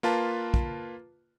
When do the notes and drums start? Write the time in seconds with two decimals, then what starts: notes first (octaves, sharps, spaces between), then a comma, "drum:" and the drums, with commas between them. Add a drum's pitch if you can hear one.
0.03 A#3 F4 B4 A5
0.54 drum: kick